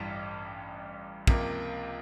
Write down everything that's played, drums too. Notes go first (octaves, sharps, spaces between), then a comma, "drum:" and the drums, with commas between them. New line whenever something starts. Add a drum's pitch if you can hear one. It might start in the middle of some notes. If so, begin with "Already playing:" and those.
Already playing: A1 G2 E3 G3
C#2 C3 F3 A#3, drum: kick